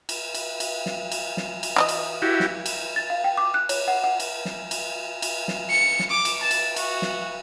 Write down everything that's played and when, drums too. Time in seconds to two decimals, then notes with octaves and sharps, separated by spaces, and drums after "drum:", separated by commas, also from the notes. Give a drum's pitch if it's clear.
0.09 drum: cymbal
0.35 drum: cymbal
0.60 drum: cymbal
0.86 drum: snare
1.12 drum: cymbal
1.37 drum: snare
1.63 drum: cymbal
1.76 E3 D#4 D#5
1.89 drum: cymbal
2.22 E4 F#4 G4
2.40 drum: snare
2.66 drum: cymbal
2.96 A6
3.10 F5
3.24 G5
3.37 D6
3.54 F#6
3.69 C#5, drum: cymbal
3.88 F#5
4.04 F#5
4.20 drum: cymbal
4.45 drum: snare
4.71 drum: cymbal
5.22 drum: cymbal
5.48 drum: snare
5.70 C#7
5.99 drum: snare
6.10 D6
6.25 drum: cymbal
6.41 A5
6.51 drum: cymbal
6.76 F#4, drum: cymbal
7.02 drum: snare